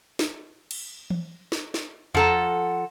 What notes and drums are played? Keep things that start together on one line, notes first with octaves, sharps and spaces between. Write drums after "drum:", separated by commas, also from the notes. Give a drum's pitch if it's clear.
drum: snare
drum: cymbal
drum: tom E3
drum: snare
drum: snare
F3 A4 F#5 A#5, drum: tom E2